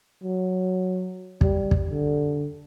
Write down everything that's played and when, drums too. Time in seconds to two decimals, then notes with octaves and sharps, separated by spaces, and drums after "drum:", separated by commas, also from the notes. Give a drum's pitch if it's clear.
0.23 F#3
1.41 G3, drum: kick
1.71 drum: kick
1.91 D3